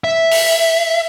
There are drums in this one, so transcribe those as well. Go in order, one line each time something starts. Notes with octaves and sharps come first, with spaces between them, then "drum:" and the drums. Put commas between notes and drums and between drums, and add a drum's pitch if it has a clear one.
E5
drum: open hi-hat